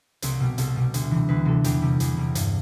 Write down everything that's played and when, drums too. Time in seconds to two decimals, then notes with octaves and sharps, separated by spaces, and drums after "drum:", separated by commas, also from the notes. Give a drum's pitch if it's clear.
0.22 C2 C4, drum: hi-hat
0.40 B2 G3
0.58 C2 A4, drum: hi-hat
0.76 B2 G3
0.94 D2, drum: hi-hat
1.11 C3 E3
1.28 D2 B4
1.45 C3 E3 A4
1.64 E2 G4, drum: hi-hat
1.82 C3 G3
2.00 E2, drum: hi-hat
2.17 C3 G3
2.35 G2, drum: hi-hat